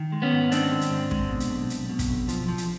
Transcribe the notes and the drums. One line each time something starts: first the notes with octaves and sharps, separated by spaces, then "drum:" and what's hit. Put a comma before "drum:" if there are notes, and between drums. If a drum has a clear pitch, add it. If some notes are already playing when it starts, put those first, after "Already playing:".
Already playing: D#3
G#3
B3 C#4
G#2
D#3 C4 D4, drum: hi-hat
G#3
drum: hi-hat
G#2
G#3, drum: kick
B2
drum: hi-hat
B1
B1, drum: hi-hat
B2
drum: kick, hi-hat
B1
F3, drum: hi-hat
F3
drum: hi-hat